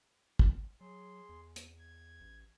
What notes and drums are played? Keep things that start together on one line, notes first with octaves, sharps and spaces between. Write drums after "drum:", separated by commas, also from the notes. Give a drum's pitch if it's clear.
drum: kick
F#3 G#4 C6
E2
drum: hi-hat
G#6
A1